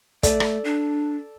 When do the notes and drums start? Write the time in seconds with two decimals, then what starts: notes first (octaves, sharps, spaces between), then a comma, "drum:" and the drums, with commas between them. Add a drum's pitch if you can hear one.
0.23 A3 A4 D5, drum: kick, hi-hat
0.40 drum: rim click
0.64 D4